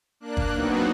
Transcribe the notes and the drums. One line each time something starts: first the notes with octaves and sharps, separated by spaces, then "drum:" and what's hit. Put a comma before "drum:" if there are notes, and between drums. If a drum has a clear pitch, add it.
A#3 D4 F#6
drum: kick
F#3 B3 C4 D#4 F#4